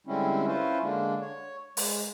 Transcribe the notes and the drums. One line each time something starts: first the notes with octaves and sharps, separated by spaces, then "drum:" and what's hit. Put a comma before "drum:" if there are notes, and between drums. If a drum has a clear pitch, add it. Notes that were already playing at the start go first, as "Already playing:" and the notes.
D3 G3 G#3 C4 C#4 E4
C#4 E4 F4 B4 C5
D3 G#3 A#3 D4
C#5
G#3, drum: open hi-hat